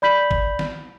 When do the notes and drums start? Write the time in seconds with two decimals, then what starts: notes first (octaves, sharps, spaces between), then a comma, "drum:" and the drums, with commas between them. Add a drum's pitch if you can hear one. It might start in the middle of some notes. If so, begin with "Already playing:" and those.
0.02 D5 B5 G6 B6 F#7
0.31 drum: kick G#1
0.59 drum: snare